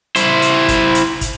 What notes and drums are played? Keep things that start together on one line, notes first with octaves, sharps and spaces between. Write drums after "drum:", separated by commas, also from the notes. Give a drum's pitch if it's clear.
E4 C5, drum: hi-hat
drum: hi-hat
drum: kick, hi-hat
drum: hi-hat
drum: kick, hi-hat